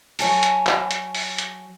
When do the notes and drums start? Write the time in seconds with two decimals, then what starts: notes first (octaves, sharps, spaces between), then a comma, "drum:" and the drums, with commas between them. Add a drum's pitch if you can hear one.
0.19 F#3 C#5 G#5 A5, drum: open hi-hat
0.43 drum: hi-hat
0.67 drum: clap
0.91 drum: hi-hat
1.15 drum: open hi-hat
1.38 drum: hi-hat